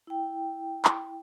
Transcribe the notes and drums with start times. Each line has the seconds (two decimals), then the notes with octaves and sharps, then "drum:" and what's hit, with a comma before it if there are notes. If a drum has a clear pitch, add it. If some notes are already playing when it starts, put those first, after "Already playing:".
0.07 E4 G5
0.85 drum: clap